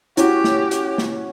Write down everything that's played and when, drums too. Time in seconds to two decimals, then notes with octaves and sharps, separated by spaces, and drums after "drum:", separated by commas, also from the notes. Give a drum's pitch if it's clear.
0.17 C#4 E4 F#4 G4, drum: hi-hat
0.44 drum: snare
0.71 drum: hi-hat
0.98 drum: snare